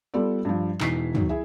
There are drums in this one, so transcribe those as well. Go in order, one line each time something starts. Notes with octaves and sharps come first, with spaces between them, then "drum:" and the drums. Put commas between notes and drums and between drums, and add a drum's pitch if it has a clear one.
G3 B3 F4 A4 D5
G2 F3
E1 E3 D#4 B6 C7, drum: clap
D#3 F#3, drum: tom
E4 G#4 E5